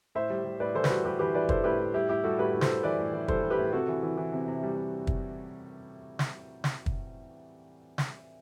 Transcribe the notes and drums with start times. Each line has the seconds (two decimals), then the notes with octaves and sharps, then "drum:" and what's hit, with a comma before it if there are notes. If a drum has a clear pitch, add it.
0.15 A2 C5 E5
0.30 G3
0.45 G3
0.60 A2 B4 D5
0.75 E3 A4 C5
0.84 B4, drum: snare
0.89 G3 F#4 A4
1.05 G3 G4 B4
1.19 E3 G4 B4
1.34 E3 B4 D5
1.49 E3 A4 C5, drum: kick
1.64 A2 G4 B4
1.79 A2
1.94 G3 E4 G4
2.09 A2 E4 G4
2.24 G3 F#4 A4
2.38 A2 G4 B4
2.54 A2
2.61 A4 C5, drum: snare
2.69 A2
2.83 E3 B4 D5
2.99 A2
3.13 E3
3.28 G3 A4 C5, drum: kick
3.43 G3
3.50 G4 B4
3.58 A2
3.72 C3 F#4 A4
3.88 E3
4.03 E3
4.17 E3
4.32 C3
4.48 C3
4.63 G3
4.77 C3
5.07 drum: kick
6.19 drum: snare
6.64 drum: snare
6.86 drum: kick
7.98 drum: snare